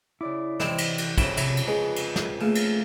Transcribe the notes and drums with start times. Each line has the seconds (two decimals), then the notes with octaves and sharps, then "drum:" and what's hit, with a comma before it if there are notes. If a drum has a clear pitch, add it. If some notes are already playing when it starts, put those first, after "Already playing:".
0.21 C#3 E4 D5 D6
0.60 C3 E3 C4 D#4 E4, drum: snare
0.78 drum: cymbal
0.98 drum: cymbal
1.18 F2 C#3 C4 E4, drum: kick, cymbal
1.37 C3 E4 A#5, drum: cymbal
1.57 drum: cymbal
1.67 G#3 F4 G#4 B4
1.96 drum: cymbal
2.16 drum: snare
2.41 C#3 A3 A#3 F5
2.55 drum: cymbal